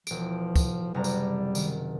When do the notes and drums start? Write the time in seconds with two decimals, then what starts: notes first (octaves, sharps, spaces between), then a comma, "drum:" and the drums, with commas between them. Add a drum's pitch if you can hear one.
0.07 E1 F3 D7, drum: tambourine
0.56 drum: kick, tambourine
0.94 F#1 C3 G3 A#5
1.04 drum: tambourine
1.55 D#3, drum: tambourine